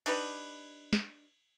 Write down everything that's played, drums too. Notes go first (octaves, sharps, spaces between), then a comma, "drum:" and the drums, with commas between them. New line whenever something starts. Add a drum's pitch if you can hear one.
D4 D#4 G4 B4, drum: cymbal
drum: snare